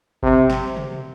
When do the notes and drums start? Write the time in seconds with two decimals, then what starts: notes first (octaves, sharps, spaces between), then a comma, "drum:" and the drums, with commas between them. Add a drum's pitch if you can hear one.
0.23 C3, drum: kick G1
0.50 drum: snare
0.77 drum: tom